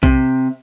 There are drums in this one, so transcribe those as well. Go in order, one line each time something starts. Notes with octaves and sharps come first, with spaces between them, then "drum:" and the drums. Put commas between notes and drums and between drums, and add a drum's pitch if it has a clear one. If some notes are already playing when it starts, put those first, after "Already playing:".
C3, drum: kick B1